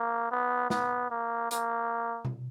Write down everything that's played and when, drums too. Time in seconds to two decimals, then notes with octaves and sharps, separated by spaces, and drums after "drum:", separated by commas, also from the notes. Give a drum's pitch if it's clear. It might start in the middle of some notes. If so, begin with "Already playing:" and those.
Already playing: A#3
0.31 B3
0.70 B3, drum: snare
1.11 A#3
1.51 A#3, drum: hi-hat
2.25 drum: tom B2